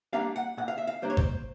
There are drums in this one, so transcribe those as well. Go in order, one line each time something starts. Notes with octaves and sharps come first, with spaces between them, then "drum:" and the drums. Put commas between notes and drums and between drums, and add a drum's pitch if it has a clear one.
G3 A#3 D4 F5
F#5
A#2 F#5
F5
E5
F5
G3 A#3 D4 C5
C#5
C5, drum: kick